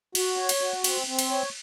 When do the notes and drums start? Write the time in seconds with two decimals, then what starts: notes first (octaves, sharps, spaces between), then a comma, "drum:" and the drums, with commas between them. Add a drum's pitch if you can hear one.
0.15 F#4, drum: cymbal
0.37 C#5
0.49 drum: cymbal
0.61 F#4
0.84 C4, drum: cymbal
1.07 C4
1.19 drum: cymbal
1.31 C#5